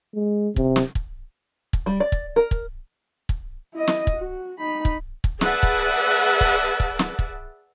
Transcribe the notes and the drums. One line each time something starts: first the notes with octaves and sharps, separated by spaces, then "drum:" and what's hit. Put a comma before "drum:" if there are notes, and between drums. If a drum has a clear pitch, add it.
G#3
C3, drum: kick
drum: snare
drum: kick
drum: kick
G3
D5
drum: kick
A#4
drum: kick
drum: kick
E4 D#5
drum: snare
drum: kick
F#4
D#4 B5
drum: kick
drum: kick
G#4 B4 D5 E5 F#5 A5, drum: snare
drum: kick
drum: kick
drum: kick
drum: snare
drum: kick